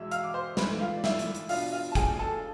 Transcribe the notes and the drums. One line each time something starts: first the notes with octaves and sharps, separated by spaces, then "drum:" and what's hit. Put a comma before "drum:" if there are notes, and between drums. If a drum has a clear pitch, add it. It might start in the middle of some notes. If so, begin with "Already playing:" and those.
Already playing: E2 B2 G#3 E5 E6
F5 F6, drum: hi-hat
D6
C5 C6
G#2 E3 A3 B4 B5, drum: snare
F4 F5
D5
E4 E5, drum: snare
drum: hi-hat
drum: hi-hat
B2 B3 D4 F4 F5, drum: open hi-hat
F4 F5
A5
G#4 G#5, drum: kick, hi-hat
A4 A5